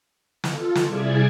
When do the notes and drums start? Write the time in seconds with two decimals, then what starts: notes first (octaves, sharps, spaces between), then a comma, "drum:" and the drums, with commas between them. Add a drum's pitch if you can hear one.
0.44 F4 A4, drum: snare
0.75 drum: snare
0.85 C3 G3 E4 G#4 D5 G#6